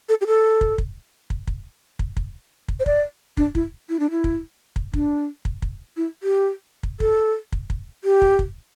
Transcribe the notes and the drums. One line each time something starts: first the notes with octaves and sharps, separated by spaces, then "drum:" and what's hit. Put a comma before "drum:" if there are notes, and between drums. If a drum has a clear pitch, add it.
A4
G4
A4
drum: kick
drum: kick
drum: kick
drum: kick
drum: kick
drum: kick
drum: kick
C5
D5, drum: kick
D4, drum: kick
E4, drum: kick
E4
D4
E4
drum: kick
drum: kick
D4, drum: kick
drum: kick
drum: kick
E4
G4
drum: kick
A4, drum: kick
drum: kick
drum: kick
G4
drum: kick
drum: kick